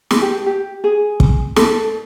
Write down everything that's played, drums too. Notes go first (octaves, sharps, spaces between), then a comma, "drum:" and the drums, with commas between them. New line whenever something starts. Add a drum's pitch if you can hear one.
G#4, drum: snare
G4
G4
G#4
drum: kick
A4, drum: snare